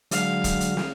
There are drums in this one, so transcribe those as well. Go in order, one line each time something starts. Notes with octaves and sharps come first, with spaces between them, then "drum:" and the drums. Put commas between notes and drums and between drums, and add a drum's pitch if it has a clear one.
D3 F#3 G#3 F5, drum: hi-hat
drum: kick D1, hi-hat
drum: hi-hat
drum: snare